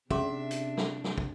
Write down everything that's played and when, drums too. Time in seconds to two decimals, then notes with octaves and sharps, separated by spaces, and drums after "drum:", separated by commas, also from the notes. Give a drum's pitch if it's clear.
0.10 C3 C#4 D4 G#4 E5 C6, drum: kick
0.51 drum: hi-hat
0.77 drum: snare
1.04 drum: snare
1.18 drum: kick